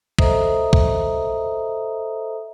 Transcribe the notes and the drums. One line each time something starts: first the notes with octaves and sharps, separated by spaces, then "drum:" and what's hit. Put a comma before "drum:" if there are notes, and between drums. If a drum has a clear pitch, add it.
A4 C5 D#5 E5 A#5 D#6, drum: kick
drum: kick